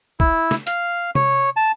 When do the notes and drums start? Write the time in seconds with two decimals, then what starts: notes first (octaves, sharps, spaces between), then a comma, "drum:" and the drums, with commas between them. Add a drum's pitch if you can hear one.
0.20 E4, drum: kick
0.51 drum: snare
0.67 F5, drum: hi-hat
1.15 C#5, drum: tom C3
1.56 A5